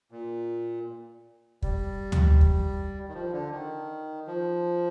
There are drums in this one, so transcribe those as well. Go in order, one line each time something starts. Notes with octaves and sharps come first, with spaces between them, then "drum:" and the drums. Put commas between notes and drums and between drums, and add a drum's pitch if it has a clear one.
A#2
G3, drum: kick
drum: tom D2
drum: kick
D#3
F3
D3
D#3
F3